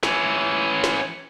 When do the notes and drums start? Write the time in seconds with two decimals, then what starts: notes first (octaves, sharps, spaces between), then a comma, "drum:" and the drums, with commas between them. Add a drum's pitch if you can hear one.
0.03 E3 C#4, drum: snare
0.84 drum: snare